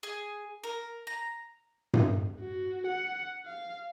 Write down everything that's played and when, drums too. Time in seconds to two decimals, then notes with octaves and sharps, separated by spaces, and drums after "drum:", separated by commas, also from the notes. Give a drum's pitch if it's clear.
0.03 G#4
0.64 A#4
1.07 A#5
1.94 drum: tom G2
2.40 F#4
2.86 F#5
3.46 F5